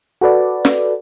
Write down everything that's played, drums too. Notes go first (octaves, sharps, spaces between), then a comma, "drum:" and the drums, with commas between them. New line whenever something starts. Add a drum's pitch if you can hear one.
F#4 A4 B4 D5
drum: snare